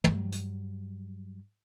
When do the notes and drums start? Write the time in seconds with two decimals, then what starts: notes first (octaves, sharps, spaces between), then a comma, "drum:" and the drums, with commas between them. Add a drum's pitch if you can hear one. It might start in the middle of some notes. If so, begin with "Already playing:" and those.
0.04 G2 F#3, drum: tom
0.32 drum: hi-hat